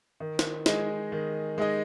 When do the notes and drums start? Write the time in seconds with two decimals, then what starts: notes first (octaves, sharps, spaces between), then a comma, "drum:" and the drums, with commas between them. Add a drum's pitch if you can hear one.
0.20 D#3
0.39 drum: snare
0.66 G#3 D#4 G#4 D#5, drum: snare
1.12 D#3
1.58 G#3 D#4 G#4 D#5